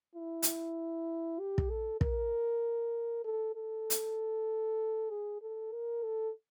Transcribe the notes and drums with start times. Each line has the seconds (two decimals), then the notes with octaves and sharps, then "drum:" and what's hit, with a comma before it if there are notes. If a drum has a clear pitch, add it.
0.15 E4
0.43 drum: hi-hat
1.40 G4
1.58 drum: kick
1.70 A4
2.01 A#4, drum: kick
3.25 A4
3.56 A4
3.90 drum: hi-hat
5.10 G#4
5.42 A4
5.72 A#4
6.03 A4